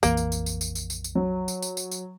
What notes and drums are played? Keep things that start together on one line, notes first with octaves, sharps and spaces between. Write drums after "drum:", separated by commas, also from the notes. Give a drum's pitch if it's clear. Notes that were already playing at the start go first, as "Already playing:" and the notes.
A#1 F2 E3 A#3, drum: tambourine
drum: tambourine
drum: tambourine
drum: tambourine
drum: tambourine
drum: tambourine
drum: tambourine
drum: tambourine
F#3
drum: tambourine
drum: tambourine
drum: tambourine
drum: tambourine